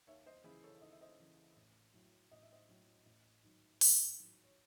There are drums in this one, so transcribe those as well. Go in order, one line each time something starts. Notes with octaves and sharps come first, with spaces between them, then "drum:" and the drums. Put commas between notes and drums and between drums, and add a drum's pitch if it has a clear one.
D#2 C#5 E5
C5 D#5
C#3 E3 E4 G#4
A4 C#5
D#2 D#5
E5
C5 D#5
C#3 E3
A1
A2 F#3
A1 D#5
E5
C5 D#5
A2 F#3
A1
G#2 D#3 F#3
A1, drum: open hi-hat
G#2 D#3 F#3
C#5